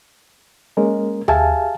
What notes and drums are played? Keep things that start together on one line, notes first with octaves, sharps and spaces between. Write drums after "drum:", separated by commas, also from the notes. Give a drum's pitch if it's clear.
G#3 A#3 C#4 A#4
G4 G#4 E5 F5 G#5 A5, drum: tom D#2